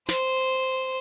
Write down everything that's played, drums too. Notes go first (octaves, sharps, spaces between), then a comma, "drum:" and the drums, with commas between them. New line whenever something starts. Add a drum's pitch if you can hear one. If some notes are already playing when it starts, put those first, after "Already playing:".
C5, drum: snare